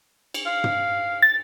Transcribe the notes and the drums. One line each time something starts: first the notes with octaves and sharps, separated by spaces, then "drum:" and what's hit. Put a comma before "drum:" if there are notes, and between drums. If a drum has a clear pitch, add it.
drum: cymbal
F5
drum: tom
A6